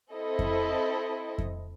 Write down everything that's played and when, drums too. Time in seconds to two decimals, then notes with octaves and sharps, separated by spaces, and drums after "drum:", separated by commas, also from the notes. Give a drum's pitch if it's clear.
0.14 C4 E4 A4 D#5
0.39 drum: kick F2
1.38 drum: kick F2